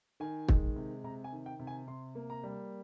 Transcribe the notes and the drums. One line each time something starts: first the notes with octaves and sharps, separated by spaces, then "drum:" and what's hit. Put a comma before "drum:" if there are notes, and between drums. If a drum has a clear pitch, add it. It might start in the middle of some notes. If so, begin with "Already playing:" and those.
D#3 G#5
G#3, drum: kick
C3
C3 A#5
G#5
D#3
G5
C3
G#5
C3 C6
A#3
A#5
G3